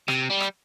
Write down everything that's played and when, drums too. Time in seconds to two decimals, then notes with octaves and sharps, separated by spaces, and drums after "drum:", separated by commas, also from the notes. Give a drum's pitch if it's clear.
0.08 C3, drum: rim click
0.30 G3
0.40 drum: rim click